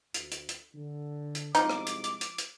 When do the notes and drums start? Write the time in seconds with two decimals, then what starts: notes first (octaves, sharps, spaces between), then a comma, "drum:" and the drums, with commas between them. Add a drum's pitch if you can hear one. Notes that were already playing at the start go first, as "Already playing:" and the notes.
0.14 D2, drum: hi-hat
0.32 drum: hi-hat
0.49 drum: hi-hat
0.75 D3
1.35 drum: hi-hat
1.55 C2 F3 G#3 D#4 D6, drum: hi-hat
1.69 drum: rim click
1.87 drum: hi-hat
2.04 drum: hi-hat
2.21 drum: hi-hat
2.38 drum: hi-hat